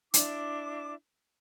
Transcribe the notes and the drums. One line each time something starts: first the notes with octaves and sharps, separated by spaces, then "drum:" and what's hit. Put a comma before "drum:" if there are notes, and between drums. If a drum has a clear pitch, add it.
D4 E4 D6, drum: hi-hat